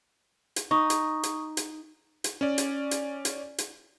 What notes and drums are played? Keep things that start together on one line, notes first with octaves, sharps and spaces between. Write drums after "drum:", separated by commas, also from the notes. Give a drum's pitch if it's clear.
drum: hi-hat
D#4 C#6 D#6
drum: hi-hat
drum: hi-hat
drum: hi-hat
drum: hi-hat
C#4 D5
drum: hi-hat
drum: hi-hat
drum: hi-hat
drum: hi-hat